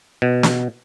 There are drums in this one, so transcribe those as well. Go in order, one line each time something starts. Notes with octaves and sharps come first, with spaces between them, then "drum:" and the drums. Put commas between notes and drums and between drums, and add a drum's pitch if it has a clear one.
B2
drum: snare